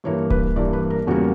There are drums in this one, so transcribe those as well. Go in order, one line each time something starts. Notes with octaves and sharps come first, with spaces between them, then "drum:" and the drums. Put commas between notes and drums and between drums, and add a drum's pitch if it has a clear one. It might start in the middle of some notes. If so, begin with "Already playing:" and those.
G2 E3 A#3 C#5
B4, drum: kick D1
G2 E3 A#3 D5
B4
A#4
E2 C#3 G3 A#3 F#4